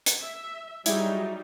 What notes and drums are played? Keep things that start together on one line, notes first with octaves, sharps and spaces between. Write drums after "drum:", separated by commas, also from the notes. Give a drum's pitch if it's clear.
drum: hi-hat
E5
F#3 G3 D#4 E4 G#4, drum: hi-hat